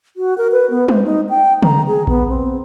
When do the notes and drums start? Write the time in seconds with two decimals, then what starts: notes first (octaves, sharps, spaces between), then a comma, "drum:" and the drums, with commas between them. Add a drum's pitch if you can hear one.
0.16 F#4
0.38 A#4
0.52 B4
0.70 B3
0.88 C5, drum: tom G3
1.04 D#4
1.29 G5
1.62 A#5, drum: tom C#3
1.87 G#4
2.07 B3, drum: kick A#1
2.28 C4